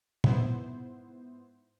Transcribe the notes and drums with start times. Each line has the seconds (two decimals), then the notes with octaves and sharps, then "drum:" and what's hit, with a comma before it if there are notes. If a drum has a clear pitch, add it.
0.24 G#2 B3 E4 C5, drum: tom